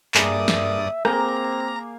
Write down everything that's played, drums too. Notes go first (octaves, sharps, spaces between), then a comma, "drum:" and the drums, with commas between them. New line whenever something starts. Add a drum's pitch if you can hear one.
G2 A#3 G#4 A#4 D5 E5 D#6, drum: clap
drum: snare
A#3 C4 G#4 A#5, drum: rim click